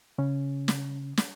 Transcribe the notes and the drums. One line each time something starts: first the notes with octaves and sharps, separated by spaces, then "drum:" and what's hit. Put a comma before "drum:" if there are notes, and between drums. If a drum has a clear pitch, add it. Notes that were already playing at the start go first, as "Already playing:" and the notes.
C#3 C#4
drum: snare
drum: snare